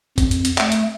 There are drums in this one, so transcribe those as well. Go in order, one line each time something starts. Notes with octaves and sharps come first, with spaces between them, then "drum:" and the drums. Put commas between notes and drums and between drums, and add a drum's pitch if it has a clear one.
F2, drum: kick A1, hi-hat
drum: hi-hat
drum: hi-hat
A3, drum: clap
drum: hi-hat